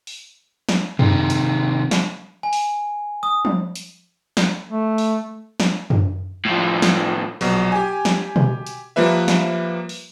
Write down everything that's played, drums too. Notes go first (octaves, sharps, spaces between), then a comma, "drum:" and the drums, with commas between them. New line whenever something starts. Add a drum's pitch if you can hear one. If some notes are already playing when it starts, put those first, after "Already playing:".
drum: open hi-hat
drum: snare
C3 D#3, drum: tom F#2
drum: hi-hat
drum: snare
G#5
drum: open hi-hat
D#6
drum: tom F3
drum: hi-hat
drum: snare
A3
drum: open hi-hat
drum: snare
drum: tom F#2
A2 F3
drum: snare
A#1 B2 F#3, drum: open hi-hat
G4 G#5
drum: snare
drum: tom B2
drum: hi-hat
F3 G3 A#3 B4 E5
drum: snare
drum: open hi-hat